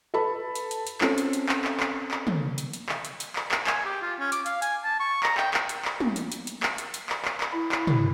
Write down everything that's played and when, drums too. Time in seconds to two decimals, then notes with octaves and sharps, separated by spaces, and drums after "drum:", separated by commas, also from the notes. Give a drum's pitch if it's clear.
0.14 A4 B4 A5 B5
0.55 drum: hi-hat
0.71 drum: hi-hat
0.87 drum: hi-hat
1.01 C4 C#4 A4, drum: clap
1.18 drum: hi-hat
1.33 drum: hi-hat
1.49 drum: clap
1.64 drum: clap
1.80 drum: clap
2.11 drum: clap
2.27 drum: tom
2.58 drum: hi-hat
2.73 drum: hi-hat
2.89 drum: clap
3.05 drum: hi-hat
3.20 drum: hi-hat
3.36 drum: clap
3.51 drum: clap
3.67 G#5, drum: clap
3.86 G4
4.02 F4
4.20 C#4
4.32 D6, drum: hi-hat
4.46 F5, drum: hi-hat
4.62 G#5, drum: hi-hat
4.84 A5
5.00 C#6
5.23 A#5, drum: clap
5.37 G5, drum: clap
5.54 drum: clap
5.69 drum: hi-hat
5.85 drum: clap
6.00 drum: tom
6.16 drum: hi-hat
6.32 drum: hi-hat
6.47 drum: hi-hat
6.63 drum: clap
6.78 drum: hi-hat
6.94 drum: hi-hat
7.09 drum: clap
7.25 drum: clap
7.41 drum: clap
7.52 E4
7.72 drum: clap
7.87 drum: tom